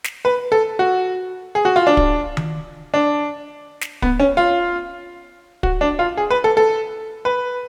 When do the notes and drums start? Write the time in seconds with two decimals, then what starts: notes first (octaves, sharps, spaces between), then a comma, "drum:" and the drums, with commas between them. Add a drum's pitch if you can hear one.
0.04 drum: snare
0.25 B4
0.52 A4
0.79 F#4
1.55 G#4
1.65 F#4
1.76 F4
1.87 D4
1.97 drum: kick
2.37 drum: tom D#3
2.94 D4
3.81 drum: snare
4.02 B3, drum: kick
4.20 C#4
4.37 F4
5.63 F#4, drum: kick
5.81 D4
5.99 F4
6.17 G#4
6.30 B4
6.44 A4
6.57 A4
7.25 B4